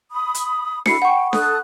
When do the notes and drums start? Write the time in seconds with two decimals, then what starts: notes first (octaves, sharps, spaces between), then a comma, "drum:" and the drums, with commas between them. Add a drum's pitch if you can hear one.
0.12 B5 D#6
0.35 drum: hi-hat
0.86 E4 F#4 A4 B5 C7 C#7, drum: snare D4
1.02 F#5 G5 C#6
1.33 A4 D#6 F#6, drum: snare D4